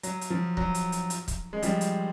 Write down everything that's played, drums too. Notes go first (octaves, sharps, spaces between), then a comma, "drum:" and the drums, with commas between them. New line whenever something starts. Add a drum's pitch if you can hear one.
F#3, drum: hi-hat
drum: hi-hat
F3
F#3, drum: kick
drum: hi-hat
drum: hi-hat
drum: hi-hat
drum: kick, hi-hat
G#3
F3 G3, drum: hi-hat
drum: hi-hat